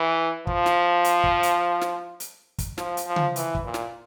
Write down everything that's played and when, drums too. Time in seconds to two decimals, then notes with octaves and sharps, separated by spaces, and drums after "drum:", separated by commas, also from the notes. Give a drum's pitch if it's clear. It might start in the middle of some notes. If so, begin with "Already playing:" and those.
Already playing: E3
0.47 F3, drum: kick
0.66 drum: snare
1.04 drum: hi-hat
1.24 drum: kick
1.43 drum: hi-hat
1.81 drum: snare
2.20 drum: hi-hat
2.58 drum: kick, hi-hat
2.78 F3, drum: snare
2.97 drum: hi-hat
3.06 F3
3.16 drum: tom C#3
3.36 E3, drum: hi-hat
3.55 drum: kick
3.64 A#2
3.74 drum: snare